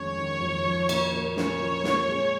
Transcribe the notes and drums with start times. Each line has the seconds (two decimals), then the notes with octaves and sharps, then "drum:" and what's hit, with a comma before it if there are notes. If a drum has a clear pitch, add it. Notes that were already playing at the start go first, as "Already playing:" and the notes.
Already playing: F2 D#3 G#3 C#4 C#5
0.18 D#3
0.41 F2
0.65 F3
0.89 A#2, drum: cymbal
1.12 A#3
1.37 C#4 C#5, drum: snare
1.60 F3
1.84 A#2, drum: snare
2.09 G#3